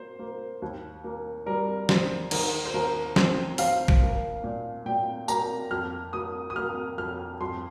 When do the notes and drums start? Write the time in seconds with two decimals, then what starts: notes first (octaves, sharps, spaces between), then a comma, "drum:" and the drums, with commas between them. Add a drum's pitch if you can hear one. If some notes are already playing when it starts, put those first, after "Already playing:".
Already playing: A#3 C5
0.19 A#3
0.62 D#2
1.04 A#3
1.46 G3 A#4
1.89 D#2 C5, drum: snare
2.31 D#3 A#4, drum: cymbal
2.65 C5
2.74 D#2 A#4
3.16 C4 C5, drum: snare
3.58 D#2 F5, drum: open hi-hat
3.88 drum: kick
4.01 A#3
4.44 A#2
4.86 A#2 G5
5.28 A#3 A#5, drum: tambourine
5.71 F2 F6
6.13 A#3 D#6
6.50 D#6
6.56 A#3 F6
6.98 F2 F6
7.41 F2 C6